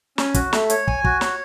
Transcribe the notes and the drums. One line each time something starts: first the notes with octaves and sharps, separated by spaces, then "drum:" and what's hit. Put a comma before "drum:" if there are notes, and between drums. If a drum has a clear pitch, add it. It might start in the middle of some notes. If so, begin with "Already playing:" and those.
C#4, drum: snare
F#4, drum: kick, hi-hat
A3, drum: snare
C#5, drum: hi-hat
G#5, drum: kick
F#4, drum: kick
C#5, drum: snare